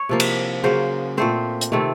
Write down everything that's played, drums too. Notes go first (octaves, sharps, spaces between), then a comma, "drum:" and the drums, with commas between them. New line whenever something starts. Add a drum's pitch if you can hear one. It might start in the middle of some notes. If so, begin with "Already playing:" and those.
Already playing: C#5
C3 F3 A#3
drum: cymbal
C#3 F#3 A#3 C5
A#2 A3 C4 C5
drum: hi-hat
C3 D#3 A3 C4